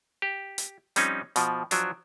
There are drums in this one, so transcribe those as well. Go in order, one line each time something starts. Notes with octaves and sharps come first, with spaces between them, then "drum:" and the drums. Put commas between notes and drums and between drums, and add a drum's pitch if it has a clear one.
G4
drum: hi-hat
F3 G3 C4 C#4 D#4, drum: hi-hat
B2 F3, drum: hi-hat
F3 F#3 D4, drum: hi-hat